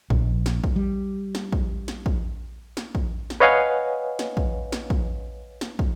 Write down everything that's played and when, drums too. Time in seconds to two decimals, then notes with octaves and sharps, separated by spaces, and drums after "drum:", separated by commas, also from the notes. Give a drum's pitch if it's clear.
0.10 A#1, drum: kick
0.46 drum: snare
0.64 drum: kick
0.76 G3
1.35 drum: snare
1.52 drum: kick
1.88 drum: snare
2.06 drum: kick
2.77 drum: snare
2.95 drum: kick
3.30 drum: snare
3.40 B4 C#5 D#5 F5 F#5 G#5
4.19 drum: snare
4.37 drum: kick
4.72 drum: snare
4.90 drum: kick
5.61 drum: snare
5.79 drum: kick